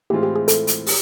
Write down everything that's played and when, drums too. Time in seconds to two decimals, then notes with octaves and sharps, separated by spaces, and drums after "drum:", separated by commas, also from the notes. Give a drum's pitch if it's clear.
0.10 A2 E3 G#3 C4 F4 G4
0.23 G4
0.36 G#4
0.48 A4, drum: hi-hat
0.67 drum: hi-hat
0.87 G4, drum: open hi-hat